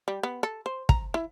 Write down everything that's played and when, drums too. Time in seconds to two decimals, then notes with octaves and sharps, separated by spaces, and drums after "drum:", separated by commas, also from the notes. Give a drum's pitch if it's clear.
0.08 G3
0.23 B3
0.43 A4
0.66 C5
0.89 A#5, drum: kick
1.14 E4